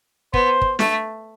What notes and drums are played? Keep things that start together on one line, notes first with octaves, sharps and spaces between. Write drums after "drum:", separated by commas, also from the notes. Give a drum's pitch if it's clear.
B3 C5, drum: kick
drum: kick
A3, drum: snare